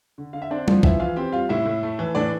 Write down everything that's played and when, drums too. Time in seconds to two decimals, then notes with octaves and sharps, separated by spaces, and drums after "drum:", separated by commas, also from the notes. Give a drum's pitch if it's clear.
0.18 D3
0.33 D3 F5
0.42 E5
0.50 C4 D4 D5
0.68 F3, drum: tom G3
0.83 E3 E4 E5, drum: kick
0.99 E3 F4 F5
1.16 C4 G4 G5
1.32 G3 F4 F5
1.49 A2 E4 E5
1.66 A2
1.83 A3
1.99 E3
2.15 A2 D4 D5